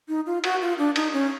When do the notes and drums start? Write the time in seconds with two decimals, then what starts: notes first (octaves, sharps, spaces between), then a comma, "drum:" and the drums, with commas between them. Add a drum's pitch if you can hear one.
0.08 D#4
0.26 F4
0.44 F#4, drum: cymbal
0.62 F4
0.78 D4
0.96 D#4, drum: cymbal
1.13 C#4